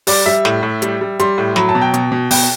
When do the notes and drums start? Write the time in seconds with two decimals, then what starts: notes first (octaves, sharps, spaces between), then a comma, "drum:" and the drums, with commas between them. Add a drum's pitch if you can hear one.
0.07 G3 D5, drum: open hi-hat
0.26 G3 E5
0.45 A2, drum: snare
0.63 A2
0.82 G3, drum: hi-hat
1.01 G3
1.19 G3 C6, drum: hi-hat
1.38 A2
1.56 F#3 B5, drum: snare
1.69 A5
1.75 B2
1.81 G5
1.94 B2, drum: hi-hat
2.12 B2
2.31 B2 G5, drum: open hi-hat